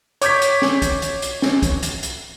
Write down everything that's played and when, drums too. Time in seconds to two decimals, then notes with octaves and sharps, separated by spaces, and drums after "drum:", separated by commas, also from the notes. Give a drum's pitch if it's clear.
0.22 C#5 D6 G6 G#6 B6, drum: hi-hat
0.42 drum: hi-hat
0.62 drum: snare
0.82 drum: kick, hi-hat
1.02 drum: hi-hat
1.22 drum: hi-hat
1.42 drum: snare
1.62 drum: kick, hi-hat
1.83 drum: hi-hat
2.03 drum: hi-hat